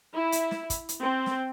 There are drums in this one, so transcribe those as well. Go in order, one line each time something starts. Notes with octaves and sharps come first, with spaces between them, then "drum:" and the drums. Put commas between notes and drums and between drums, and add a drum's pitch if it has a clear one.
E4
drum: hi-hat
drum: snare
drum: kick, hi-hat
drum: hi-hat
C4
drum: snare